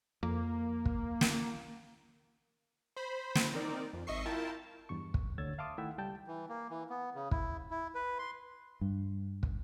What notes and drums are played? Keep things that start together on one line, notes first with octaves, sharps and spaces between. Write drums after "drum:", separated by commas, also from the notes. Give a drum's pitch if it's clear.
F2 A#3
drum: kick
drum: snare
C5 B5
drum: snare
C4 D#4 A#4 D5
F2
G#1 D#5 E5 C#6 C7
E4 F4 A#4 G5 A5
E2 G2 C#6
drum: kick
D2 D3 C#5 E6 G#6 A6
E5 F5 A5 C6 D6 D#6
D#3 A3 E4 E5 F#5 G5
C#2 G3 G5 A5 G6
E3
A#3
E3
B3
C#3
E4, drum: kick
E4
B4
C6
G2
drum: kick